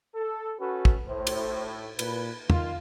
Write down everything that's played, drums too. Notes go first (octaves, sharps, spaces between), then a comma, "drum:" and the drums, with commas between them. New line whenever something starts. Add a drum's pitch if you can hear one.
A4
C#4 F#4 A4 B4
drum: kick
A2 C5
drum: cymbal
A#2 B4, drum: cymbal
D#3 F4, drum: tom